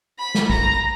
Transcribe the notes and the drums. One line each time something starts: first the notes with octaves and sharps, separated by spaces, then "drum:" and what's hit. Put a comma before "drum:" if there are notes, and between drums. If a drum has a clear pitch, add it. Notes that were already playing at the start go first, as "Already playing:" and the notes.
B5
drum: snare
A#5, drum: kick